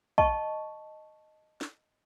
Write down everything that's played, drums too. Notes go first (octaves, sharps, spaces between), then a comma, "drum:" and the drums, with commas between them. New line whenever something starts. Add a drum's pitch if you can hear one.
D#5 A5 C#6, drum: kick
drum: snare